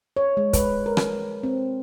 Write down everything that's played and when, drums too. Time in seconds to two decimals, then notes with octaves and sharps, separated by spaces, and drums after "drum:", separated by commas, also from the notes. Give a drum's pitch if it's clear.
0.17 C#5
0.37 G#3
0.53 B4, drum: kick, hi-hat
0.86 A#4
0.97 drum: rim click
1.43 C4